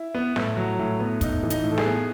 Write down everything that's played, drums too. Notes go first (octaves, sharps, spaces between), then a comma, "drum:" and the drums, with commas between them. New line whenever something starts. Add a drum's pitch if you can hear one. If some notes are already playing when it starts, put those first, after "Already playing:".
Already playing: E4
B3
A2, drum: snare
F#3
A2
B3
A2 D#4, drum: kick, hi-hat
E3
D#4, drum: hi-hat
A2
A4
G#4, drum: snare
B3